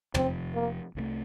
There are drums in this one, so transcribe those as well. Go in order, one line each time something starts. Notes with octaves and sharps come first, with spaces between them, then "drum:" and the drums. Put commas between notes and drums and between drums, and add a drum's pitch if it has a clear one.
F1 F2 C3 F3 C4, drum: tom
A#3
C2 C3 F3 A3